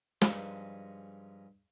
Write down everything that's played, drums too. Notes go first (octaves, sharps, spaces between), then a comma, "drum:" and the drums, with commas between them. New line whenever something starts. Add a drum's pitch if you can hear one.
G2 F3 G#3 D#4 C#6, drum: snare